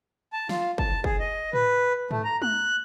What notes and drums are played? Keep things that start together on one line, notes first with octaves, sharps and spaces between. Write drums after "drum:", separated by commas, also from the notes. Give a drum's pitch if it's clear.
A5
F4, drum: snare
A5, drum: kick
G#4, drum: kick
D#5
B4, drum: tom A2
A3, drum: tom G#2
A#5
F#6, drum: tom G#3